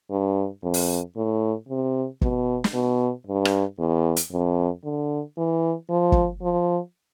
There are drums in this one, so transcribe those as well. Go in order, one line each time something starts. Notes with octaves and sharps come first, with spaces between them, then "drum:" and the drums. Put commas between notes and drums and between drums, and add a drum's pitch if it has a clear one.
G2
F2
drum: open hi-hat
A2
C3
B2, drum: kick
drum: snare
B2
G2
drum: rim click
E2
drum: hi-hat
F2
D3
E3
F3
drum: kick
F3